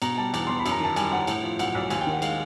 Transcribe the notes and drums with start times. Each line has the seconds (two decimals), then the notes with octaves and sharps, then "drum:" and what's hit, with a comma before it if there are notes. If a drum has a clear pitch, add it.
0.02 B2 A#5, drum: cymbal
0.18 G3 A5
0.34 E2, drum: cymbal
0.47 E2 C6
0.59 B5
0.66 F#2, drum: cymbal
0.71 A#5
0.80 D#3 A5
0.96 G3 G#5, drum: cymbal
1.12 G1 F#5
1.27 A2, drum: cymbal
1.43 F3
1.59 B1 F#5, drum: cymbal
1.75 B1
1.90 D#2 G#5, drum: cymbal
2.01 G5
2.07 D#3
2.12 F#5
2.22 G#3 F5, drum: cymbal